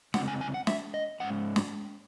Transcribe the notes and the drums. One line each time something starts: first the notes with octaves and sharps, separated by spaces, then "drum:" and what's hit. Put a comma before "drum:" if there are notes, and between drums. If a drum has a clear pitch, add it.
C#3 G#3 C4 F#5, drum: snare
G#5
G#5
F#5
E5, drum: snare
D#5
G#2 E3 G#3 C#4 F#5
drum: snare